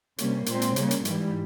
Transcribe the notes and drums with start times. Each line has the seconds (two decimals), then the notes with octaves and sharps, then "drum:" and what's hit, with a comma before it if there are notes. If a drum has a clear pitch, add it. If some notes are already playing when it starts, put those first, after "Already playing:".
0.18 C3 G3 A#3 C#4, drum: hi-hat
0.46 A#2 G#3 C4, drum: hi-hat
0.62 drum: hi-hat
0.76 C#3 G3 A#3, drum: hi-hat
0.91 drum: hi-hat
1.05 G#2 E3 G3, drum: hi-hat